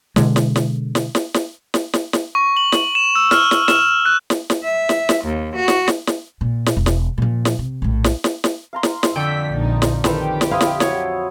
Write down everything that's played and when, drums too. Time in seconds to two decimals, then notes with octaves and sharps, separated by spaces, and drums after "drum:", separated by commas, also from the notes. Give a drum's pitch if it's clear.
0.16 B2 D3 G#3, drum: snare
0.36 drum: snare
0.56 drum: snare
0.95 drum: snare
1.15 drum: snare
1.34 drum: snare
1.74 drum: snare
1.93 drum: snare
2.13 drum: snare
2.35 C#6
2.57 F#7
2.72 drum: snare
2.95 E7
3.15 E6
3.31 F6, drum: snare
3.51 drum: snare
3.68 E7, drum: snare
4.05 F#6
4.30 drum: snare
4.50 drum: snare
4.64 E5
4.89 drum: snare
5.09 drum: snare
5.24 D#2
5.55 F#4
5.68 drum: snare
5.88 drum: snare
6.07 drum: snare
6.41 A#2
6.66 drum: snare
6.77 E1
6.86 drum: snare
7.18 A#2 F3
7.45 drum: snare
7.59 C3
7.82 A#1 A2
8.04 drum: snare
8.24 drum: snare
8.44 drum: snare
8.73 F5 A#5 C6
8.83 drum: snare
9.03 drum: snare
9.15 F2 D3 G5 E6 B6
9.54 A#1 D#4
9.82 drum: snare
10.04 D#3 G4 A4 B4 C5, drum: snare
10.41 drum: snare
10.51 E4 C5 D#5 F5
10.61 drum: snare
10.80 F#3 C#5, drum: snare